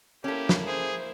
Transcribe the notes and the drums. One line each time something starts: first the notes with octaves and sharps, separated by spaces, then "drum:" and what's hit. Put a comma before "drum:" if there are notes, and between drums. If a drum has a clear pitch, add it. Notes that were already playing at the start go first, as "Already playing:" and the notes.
A#3 C#4 E4 G4 A4
drum: snare
G#4 C5